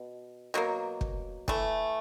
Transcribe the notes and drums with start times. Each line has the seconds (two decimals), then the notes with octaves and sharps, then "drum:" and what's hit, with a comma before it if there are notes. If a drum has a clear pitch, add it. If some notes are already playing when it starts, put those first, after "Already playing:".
Already playing: B2
0.54 B2 F#3 A#3
1.01 drum: kick
1.48 E3 A3, drum: kick